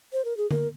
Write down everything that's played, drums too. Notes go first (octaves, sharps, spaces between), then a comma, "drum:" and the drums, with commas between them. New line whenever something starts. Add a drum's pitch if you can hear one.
C5
A#4
G#4
A#4, drum: tom D3